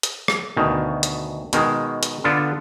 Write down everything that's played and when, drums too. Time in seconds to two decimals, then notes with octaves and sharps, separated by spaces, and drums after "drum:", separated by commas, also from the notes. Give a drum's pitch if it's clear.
0.03 drum: hi-hat
0.28 drum: rim click
0.57 D2 B2 D#3
1.03 drum: hi-hat
1.53 B2 D#3 G#3, drum: hi-hat
2.03 drum: hi-hat
2.24 D3 B3 D4 F4 A4